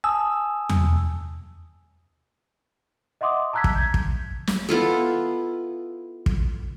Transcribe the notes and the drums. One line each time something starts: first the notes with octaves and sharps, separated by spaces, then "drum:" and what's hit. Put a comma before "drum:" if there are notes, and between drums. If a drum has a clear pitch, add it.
G#5 A5 D#6 E6
drum: tom E2
D#5 E5 F#5 C6 D6 D#6
A5 A#5 E6 F#6 G#6 B6
drum: kick
G6 G#6
drum: kick
drum: snare
B3 E4 F4 A4
drum: kick